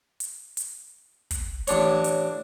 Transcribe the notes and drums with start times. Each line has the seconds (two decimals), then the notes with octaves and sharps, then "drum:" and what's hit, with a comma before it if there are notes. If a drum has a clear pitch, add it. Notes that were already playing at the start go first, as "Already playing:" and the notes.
0.20 drum: hi-hat
0.57 drum: hi-hat
1.31 drum: kick, hi-hat
1.67 A1 D4 C#5, drum: hi-hat
2.04 drum: hi-hat